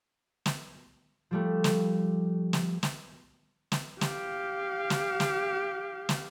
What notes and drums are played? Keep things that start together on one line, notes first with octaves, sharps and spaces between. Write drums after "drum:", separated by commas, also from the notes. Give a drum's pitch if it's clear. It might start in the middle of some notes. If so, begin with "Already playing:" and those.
drum: snare
F3 G3 A3
drum: snare
drum: snare
drum: snare
drum: snare
G4 F5, drum: snare
drum: snare
drum: snare
drum: snare